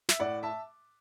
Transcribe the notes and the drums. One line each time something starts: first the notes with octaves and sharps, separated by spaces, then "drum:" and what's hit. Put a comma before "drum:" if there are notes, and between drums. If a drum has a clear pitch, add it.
E5, drum: snare
A2 D5 F#5
E5 A5